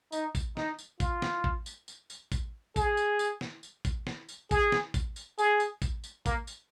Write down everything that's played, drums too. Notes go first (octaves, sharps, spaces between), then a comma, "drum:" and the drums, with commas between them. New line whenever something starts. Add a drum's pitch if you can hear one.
D#4, drum: tambourine
drum: kick A1, tambourine
D#4, drum: snare
drum: tambourine
F4, drum: kick A1, tambourine
drum: snare
drum: kick A1
drum: tambourine
drum: tambourine
drum: tambourine
drum: kick A1, tambourine
G#4, drum: kick A1, tambourine
drum: tambourine
drum: tambourine
drum: snare
drum: tambourine
drum: kick A1, tambourine
drum: snare
drum: tambourine
G#4, drum: kick A1, tambourine
drum: snare
drum: kick A1, tambourine
drum: tambourine
G#4, drum: tambourine
drum: tambourine
drum: kick A1, tambourine
drum: tambourine
A#3, drum: kick A1, tambourine
drum: tambourine